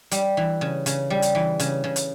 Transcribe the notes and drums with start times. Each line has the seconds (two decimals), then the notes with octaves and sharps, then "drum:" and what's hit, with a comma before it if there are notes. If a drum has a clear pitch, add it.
0.11 G3, drum: hi-hat
0.37 E3
0.61 C#3
0.86 C#3, drum: hi-hat
1.10 G3
1.22 drum: hi-hat
1.35 E3
1.60 C#3, drum: hi-hat
1.84 C#3
1.96 drum: hi-hat